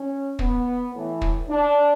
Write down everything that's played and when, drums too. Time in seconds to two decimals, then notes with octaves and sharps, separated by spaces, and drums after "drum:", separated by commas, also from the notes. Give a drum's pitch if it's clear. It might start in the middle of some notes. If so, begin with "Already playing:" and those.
Already playing: C#4
0.39 B3, drum: kick
0.94 A2 E3
1.21 drum: kick
1.49 D4